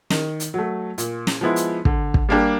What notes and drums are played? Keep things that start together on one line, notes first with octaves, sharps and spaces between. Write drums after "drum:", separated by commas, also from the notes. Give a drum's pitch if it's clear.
D#3, drum: snare
drum: hi-hat
F#3 A3
A#2, drum: hi-hat
drum: snare
F3 G#3 B3 E4
drum: hi-hat
D3, drum: kick
drum: kick
G3 A#3 D4 G4